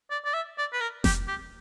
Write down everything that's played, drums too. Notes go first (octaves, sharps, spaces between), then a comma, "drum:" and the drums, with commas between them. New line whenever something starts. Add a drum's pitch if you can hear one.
D5
D5
E5
D5
B4
A#4
G4, drum: snare F1
G4